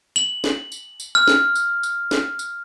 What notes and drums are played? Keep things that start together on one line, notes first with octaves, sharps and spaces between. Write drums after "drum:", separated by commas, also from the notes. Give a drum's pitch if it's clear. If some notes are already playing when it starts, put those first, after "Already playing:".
F#7, drum: tambourine
drum: snare
drum: tambourine
drum: tambourine
F6
drum: snare
drum: tambourine
drum: tambourine
drum: snare
drum: tambourine